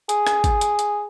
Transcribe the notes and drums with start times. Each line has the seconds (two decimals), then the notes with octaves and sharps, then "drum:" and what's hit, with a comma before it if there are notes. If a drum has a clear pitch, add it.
0.09 G#4, drum: hi-hat
0.27 drum: rim click
0.44 drum: kick, hi-hat
0.61 drum: hi-hat
0.79 drum: hi-hat